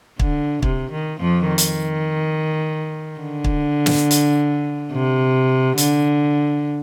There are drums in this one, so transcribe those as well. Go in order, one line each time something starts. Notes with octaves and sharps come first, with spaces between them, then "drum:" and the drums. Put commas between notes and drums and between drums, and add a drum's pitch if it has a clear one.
D3, drum: kick
C3, drum: kick
D#3
F2 F3
D#3
drum: hi-hat
D3
drum: kick
drum: snare
drum: hi-hat
C3
D3, drum: hi-hat